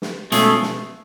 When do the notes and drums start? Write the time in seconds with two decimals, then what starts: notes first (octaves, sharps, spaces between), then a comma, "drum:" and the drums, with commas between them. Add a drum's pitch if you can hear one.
0.02 drum: snare
0.32 B2 G#3 A3 C#4 F4 G#4, drum: hi-hat
0.62 drum: snare